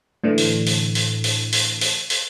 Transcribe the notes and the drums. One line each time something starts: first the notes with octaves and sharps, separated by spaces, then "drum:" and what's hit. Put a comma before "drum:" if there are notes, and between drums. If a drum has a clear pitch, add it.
A2 D3 E3
drum: open hi-hat
drum: open hi-hat
drum: open hi-hat
drum: open hi-hat
drum: open hi-hat
drum: open hi-hat
drum: open hi-hat